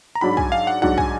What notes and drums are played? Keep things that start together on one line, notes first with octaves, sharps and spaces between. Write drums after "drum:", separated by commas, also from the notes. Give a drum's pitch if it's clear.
A#5
G#2 F#3 D4 B5
G#5, drum: kick
F5
F#5
G#2 F#3 D4 F#5, drum: kick
G#5, drum: kick